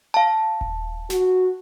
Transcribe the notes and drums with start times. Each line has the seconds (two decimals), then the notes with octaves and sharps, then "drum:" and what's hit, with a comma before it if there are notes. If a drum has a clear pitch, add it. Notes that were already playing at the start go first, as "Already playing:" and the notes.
0.14 F5 A5
0.61 drum: kick D#1
1.10 F#4, drum: snare